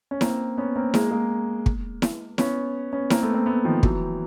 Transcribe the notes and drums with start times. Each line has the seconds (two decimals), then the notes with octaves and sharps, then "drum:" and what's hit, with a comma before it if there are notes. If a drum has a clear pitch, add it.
0.11 C#4
0.21 A#3 C4, drum: snare E4
0.58 B3 C#4
0.76 A#3 C4
0.94 G#3 A#3, drum: snare E4
1.11 G#3 A#3
1.66 drum: kick
2.02 drum: snare E4
2.38 B3 C#4, drum: snare E4
2.93 B3 C#4
3.10 A#3 C4, drum: snare E4
3.23 A3 B3
3.34 A#3 C4
3.46 A3 B3
3.65 D#3 F3
3.83 E3 F#3, drum: kick